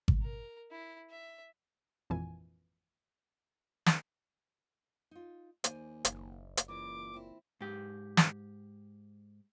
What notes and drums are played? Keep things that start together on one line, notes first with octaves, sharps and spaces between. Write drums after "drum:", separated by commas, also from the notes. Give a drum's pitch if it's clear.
drum: kick G#1
A#4
E4
E5
G#1 F2 A#2 E3 G#5
drum: snare
D#4 F4
D#2 C5 D5 G#5, drum: hi-hat
F#1, drum: hi-hat
drum: hi-hat
A#2 E3 G#3 C#4 D6
C4 E4
G#2 G4
drum: snare